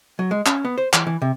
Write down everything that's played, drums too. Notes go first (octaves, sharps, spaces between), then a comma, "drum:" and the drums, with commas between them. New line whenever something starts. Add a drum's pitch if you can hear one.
F#3
G#3
C#4, drum: clap
B3
C5
E3, drum: clap
E3
C3